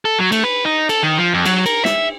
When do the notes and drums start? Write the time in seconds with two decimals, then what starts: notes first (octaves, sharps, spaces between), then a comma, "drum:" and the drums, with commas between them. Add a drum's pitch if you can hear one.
0.05 A4
0.19 F#3
0.32 A3, drum: cymbal
0.44 B4
0.65 D#4
0.89 A4, drum: cymbal
1.03 D#3
1.18 F3
1.34 F2
1.45 F#3, drum: cymbal
1.66 A#4, drum: cymbal
1.85 E5, drum: snare